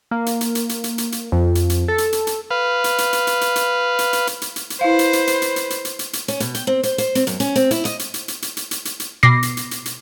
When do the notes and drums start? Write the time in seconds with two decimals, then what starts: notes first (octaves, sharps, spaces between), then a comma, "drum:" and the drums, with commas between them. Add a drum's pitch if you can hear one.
0.11 A#3
0.26 drum: hi-hat
0.41 drum: hi-hat
0.55 drum: hi-hat
0.69 drum: hi-hat
0.84 drum: hi-hat
0.98 drum: hi-hat
1.12 drum: hi-hat
1.32 F2
1.55 drum: hi-hat
1.70 drum: hi-hat
1.88 A4
1.98 drum: hi-hat
2.12 drum: hi-hat
2.27 drum: hi-hat
2.51 B4 F5
2.84 drum: hi-hat
2.98 drum: hi-hat
3.13 drum: hi-hat
3.27 drum: hi-hat
3.41 drum: hi-hat
3.56 drum: hi-hat
3.99 drum: hi-hat
4.13 drum: hi-hat
4.27 drum: hi-hat
4.42 drum: hi-hat
4.56 drum: hi-hat
4.70 drum: hi-hat
4.81 E4 B4 C5 F5
4.99 drum: hi-hat
5.13 drum: hi-hat
5.27 drum: hi-hat
5.42 drum: hi-hat
5.56 drum: hi-hat
5.70 drum: hi-hat
5.85 drum: hi-hat
5.99 drum: hi-hat
6.13 drum: hi-hat
6.28 C#4, drum: hi-hat
6.40 B2, drum: hi-hat
6.55 G5, drum: hi-hat
6.67 C4
6.83 C5, drum: hi-hat
6.98 C5, drum: hi-hat
7.15 C4, drum: hi-hat
7.27 F#2, drum: hi-hat
7.40 C#4, drum: hi-hat
7.56 C4, drum: hi-hat
7.71 E4, drum: hi-hat
7.85 D#5, drum: hi-hat
7.99 drum: hi-hat
8.14 drum: hi-hat
8.28 drum: hi-hat
8.42 drum: hi-hat
8.57 drum: hi-hat
8.71 drum: hi-hat
8.85 drum: hi-hat
9.00 drum: hi-hat
9.23 B2 D6 A#6 C7
9.43 drum: hi-hat
9.57 drum: hi-hat
9.71 drum: hi-hat
9.86 drum: hi-hat